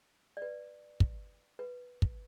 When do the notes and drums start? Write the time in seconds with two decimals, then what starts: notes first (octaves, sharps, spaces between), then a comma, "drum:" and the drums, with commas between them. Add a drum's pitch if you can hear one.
0.37 D5
0.42 B4
1.00 drum: kick
1.59 B4
2.02 drum: kick